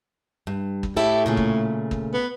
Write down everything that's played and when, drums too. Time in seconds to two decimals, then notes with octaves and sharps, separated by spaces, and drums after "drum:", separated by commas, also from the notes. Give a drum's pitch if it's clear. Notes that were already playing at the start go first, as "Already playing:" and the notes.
0.47 G2
0.83 drum: kick
0.97 A2 E4 G4 A4
1.26 A#2 C#3 A3
1.37 drum: kick
1.91 drum: kick
2.14 B3